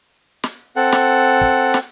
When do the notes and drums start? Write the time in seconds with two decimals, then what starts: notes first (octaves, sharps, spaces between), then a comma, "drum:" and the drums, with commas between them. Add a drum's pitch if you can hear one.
0.44 drum: snare
0.76 C4 A4 F#5
0.92 drum: snare
1.41 drum: kick
1.74 drum: snare